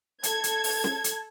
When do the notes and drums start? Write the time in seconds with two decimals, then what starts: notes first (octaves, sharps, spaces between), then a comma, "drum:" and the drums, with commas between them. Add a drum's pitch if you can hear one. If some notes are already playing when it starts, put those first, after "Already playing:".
0.23 A4 G#6, drum: hi-hat
0.44 drum: hi-hat
0.64 drum: open hi-hat
0.84 drum: snare
1.04 drum: hi-hat